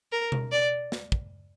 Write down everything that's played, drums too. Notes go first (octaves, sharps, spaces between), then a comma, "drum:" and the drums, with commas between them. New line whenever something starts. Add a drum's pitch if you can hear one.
A#4
drum: tom B2
D5
drum: snare
drum: kick